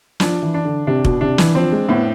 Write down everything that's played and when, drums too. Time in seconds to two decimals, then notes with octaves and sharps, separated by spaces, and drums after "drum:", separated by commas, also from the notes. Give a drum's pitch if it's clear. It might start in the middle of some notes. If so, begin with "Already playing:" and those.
0.20 F3 D4, drum: snare
0.42 E3
0.54 D4
0.65 D3
0.87 C3 D4
1.05 B2, drum: kick
1.21 C3 D4
1.38 E3, drum: snare
1.55 F3 C4
1.72 G#3
1.89 A2 B3